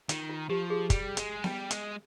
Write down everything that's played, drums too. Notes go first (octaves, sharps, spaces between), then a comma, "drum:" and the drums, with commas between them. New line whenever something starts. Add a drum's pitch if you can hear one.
D#3 F4, drum: hi-hat
F4
F3 G4
G#4
G3, drum: kick, hi-hat
G#3, drum: hi-hat
G3, drum: snare B3
G#3, drum: hi-hat